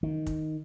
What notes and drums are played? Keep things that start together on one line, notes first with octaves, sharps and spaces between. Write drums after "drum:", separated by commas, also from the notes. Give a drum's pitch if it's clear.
D#3
drum: kick, hi-hat